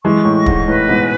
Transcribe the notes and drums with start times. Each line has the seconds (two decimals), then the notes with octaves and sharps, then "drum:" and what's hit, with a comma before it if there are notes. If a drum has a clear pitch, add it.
0.04 E3 G#3 C#6
0.25 A2
0.36 D#5
0.46 G#2, drum: kick
0.67 A2 B4
0.88 G#2 B2
0.99 G#5